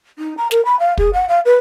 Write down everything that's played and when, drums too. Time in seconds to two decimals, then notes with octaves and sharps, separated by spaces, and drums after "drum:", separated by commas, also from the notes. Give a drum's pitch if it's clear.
0.18 D#4
0.37 A#5
0.51 A#4, drum: snare
0.65 B5
0.79 F5
0.98 G#4, drum: kick
1.13 F#5
1.28 F5
1.45 B4